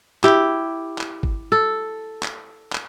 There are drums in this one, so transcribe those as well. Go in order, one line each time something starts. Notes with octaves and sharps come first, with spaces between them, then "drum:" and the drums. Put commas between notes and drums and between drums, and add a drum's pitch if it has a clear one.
E4 G4, drum: clap
drum: clap
drum: kick
A4
drum: clap
drum: clap